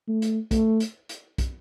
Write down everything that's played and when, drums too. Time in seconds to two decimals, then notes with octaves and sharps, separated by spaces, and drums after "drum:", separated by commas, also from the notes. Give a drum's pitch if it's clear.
0.08 A3
0.22 drum: hi-hat
0.51 A3, drum: kick, hi-hat
0.80 drum: hi-hat
1.09 drum: hi-hat
1.38 drum: kick, hi-hat